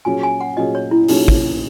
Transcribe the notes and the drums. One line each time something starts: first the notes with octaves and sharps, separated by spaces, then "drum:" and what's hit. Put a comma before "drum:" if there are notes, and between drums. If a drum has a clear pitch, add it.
A#2 F#3 C#4 G#4 G#5
G#5
F#5
A#2 F#3 C#4 G#4 D#5
C#5
E4
A#2 F#3 C#4 D#4 G#4, drum: open hi-hat
drum: kick